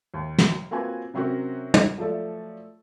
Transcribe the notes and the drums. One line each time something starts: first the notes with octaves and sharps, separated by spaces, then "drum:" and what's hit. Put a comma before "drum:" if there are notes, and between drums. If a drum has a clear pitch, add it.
D#2
drum: snare
A#3 C4 F4 F#4 B4 G#5
C3 F#3 C4 C#4 F#4 A#4
drum: tom
F3 F#3 A3 A4 D5 E5